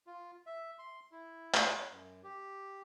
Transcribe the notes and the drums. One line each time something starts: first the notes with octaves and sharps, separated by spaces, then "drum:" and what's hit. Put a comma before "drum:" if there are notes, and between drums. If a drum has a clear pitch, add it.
F4
E5
C6
E4
C#5, drum: clap
F#2
G4